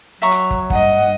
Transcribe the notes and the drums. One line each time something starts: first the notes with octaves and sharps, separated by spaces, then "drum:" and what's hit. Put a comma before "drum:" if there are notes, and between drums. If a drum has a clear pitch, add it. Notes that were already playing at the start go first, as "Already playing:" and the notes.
F#3 E5 A#5 C#6
drum: hi-hat
drum: kick
G2 D#5 F#5, drum: kick